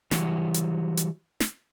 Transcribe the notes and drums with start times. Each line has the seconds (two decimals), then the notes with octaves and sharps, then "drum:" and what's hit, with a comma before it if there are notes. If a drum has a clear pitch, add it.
0.11 E3 F#3 G3 F#4, drum: snare
0.54 drum: hi-hat
0.97 drum: hi-hat
1.40 drum: snare